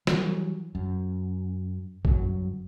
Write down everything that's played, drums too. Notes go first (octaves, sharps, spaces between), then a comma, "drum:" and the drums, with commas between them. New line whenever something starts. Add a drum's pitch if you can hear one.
E3 F#3 G3, drum: snare
F#2
G1 F#2 F#3, drum: kick